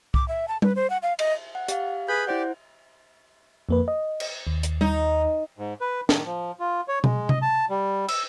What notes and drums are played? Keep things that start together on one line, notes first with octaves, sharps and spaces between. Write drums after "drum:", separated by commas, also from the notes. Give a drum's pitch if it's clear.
D6, drum: kick C2
E5
A5
B4, drum: tom G3
C5
F#5
F5
D#5, drum: cymbal
F#5
G4 F5, drum: hi-hat
G#4 B4 B5 G6
E4 G4 C5 D5 F#5
F2 A#3 B4
D#5
drum: cymbal
D#2
drum: hi-hat
D#4, drum: tom G3
G#2
B4
D#3, drum: snare
F3
F4
C#5
G#3, drum: tom B2
D#5, drum: tom C3
A5
G3
E6, drum: cymbal